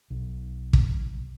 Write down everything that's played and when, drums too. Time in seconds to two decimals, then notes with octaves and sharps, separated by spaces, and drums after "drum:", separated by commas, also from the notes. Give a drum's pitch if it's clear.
0.10 B1
0.73 drum: kick